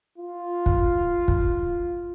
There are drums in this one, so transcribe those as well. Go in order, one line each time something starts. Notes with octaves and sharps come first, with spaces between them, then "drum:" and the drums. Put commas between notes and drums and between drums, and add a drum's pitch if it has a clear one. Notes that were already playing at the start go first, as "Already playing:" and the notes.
F4
drum: kick
drum: kick